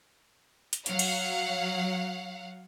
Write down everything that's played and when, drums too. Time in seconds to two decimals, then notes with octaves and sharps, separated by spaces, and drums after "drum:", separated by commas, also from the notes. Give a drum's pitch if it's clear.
0.73 drum: hi-hat
0.86 F#3 F5 F#5, drum: hi-hat
0.99 drum: cymbal